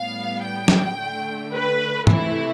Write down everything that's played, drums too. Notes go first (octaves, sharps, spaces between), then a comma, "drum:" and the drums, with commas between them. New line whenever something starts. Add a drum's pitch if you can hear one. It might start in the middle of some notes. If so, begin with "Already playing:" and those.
Already playing: A2 G3 B3 F5
G5
drum: snare
D3 A3
B4
C3 E3 A3 E4, drum: tom G#2